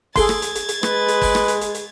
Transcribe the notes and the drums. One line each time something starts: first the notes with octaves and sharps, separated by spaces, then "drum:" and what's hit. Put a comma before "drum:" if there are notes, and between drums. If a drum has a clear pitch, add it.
G#4 A4 C6 G#6 A6, drum: kick G1, open hi-hat
drum: rim click
drum: hi-hat
drum: hi-hat
drum: hi-hat
G#3 B4, drum: rim click
drum: hi-hat
drum: kick G1, open hi-hat
drum: rim click
drum: hi-hat
drum: hi-hat
drum: hi-hat